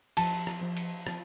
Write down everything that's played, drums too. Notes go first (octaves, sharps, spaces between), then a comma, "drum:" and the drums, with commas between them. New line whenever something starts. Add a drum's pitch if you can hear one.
F3 A5, drum: cymbal
drum: rim click
F3
drum: cymbal
F3, drum: rim click